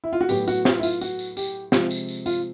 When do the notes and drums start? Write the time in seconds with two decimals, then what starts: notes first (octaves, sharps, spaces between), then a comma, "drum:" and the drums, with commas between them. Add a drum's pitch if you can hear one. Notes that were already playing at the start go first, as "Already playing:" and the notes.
0.04 E4
0.13 F4
0.21 F#4
0.29 A2 F#3 B3 G4, drum: tambourine
0.48 F#4, drum: tambourine
0.65 F4, drum: snare
0.79 E4
0.83 F4, drum: tambourine
1.01 F#4, drum: tambourine
1.19 drum: tambourine
1.37 G4, drum: tambourine
1.72 C3 F3 G#3 C4 F4, drum: snare
1.91 drum: tambourine
2.09 drum: tambourine
2.26 F4, drum: tambourine